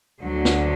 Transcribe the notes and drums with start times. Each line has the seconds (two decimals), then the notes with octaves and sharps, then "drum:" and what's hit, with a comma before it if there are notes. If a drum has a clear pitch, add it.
0.22 D2 D3 F#3
0.45 drum: snare